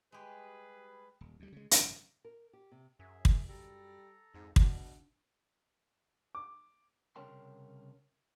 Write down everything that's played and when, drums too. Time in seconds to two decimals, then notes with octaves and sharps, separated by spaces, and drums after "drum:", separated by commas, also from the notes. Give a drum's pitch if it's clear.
0.12 G3 G#3 G4 G#4 B4
1.21 D#1
1.40 D2 G3
1.52 C#3 G#3
1.71 G#1 F#2 C#3, drum: hi-hat
2.25 A#4
2.53 G4
2.72 C3
2.99 F#2 G#4 E5
3.25 drum: kick
3.49 G3 A4 A#5
4.34 F2 G#2
4.56 B2 D4, drum: kick
6.35 D6
7.16 C2 C#3 A#4 C#5 G5 C6